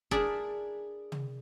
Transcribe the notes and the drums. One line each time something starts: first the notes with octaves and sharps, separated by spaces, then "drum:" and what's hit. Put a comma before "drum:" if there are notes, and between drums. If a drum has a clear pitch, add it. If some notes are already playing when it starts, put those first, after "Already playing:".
D4 E4 G#4 A#4 D5 E5, drum: kick
drum: tom